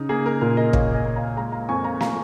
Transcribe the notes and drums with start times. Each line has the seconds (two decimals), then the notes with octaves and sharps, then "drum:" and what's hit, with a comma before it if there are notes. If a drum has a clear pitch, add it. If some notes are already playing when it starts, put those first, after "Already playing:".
Already playing: C#3 D#4
0.09 A#3 G#4
0.26 A#4
0.41 A#2 A#4
0.57 A#4 D#5
0.73 A#2 C#5 F5, drum: kick
0.94 D#5 G#5
1.05 A#3
1.16 F5 A#5
1.37 G#3 F5 A#5
1.52 F5 A#5
1.69 F2 G#5 C#6
1.84 F5 A#5
2.00 F5 A#5, drum: snare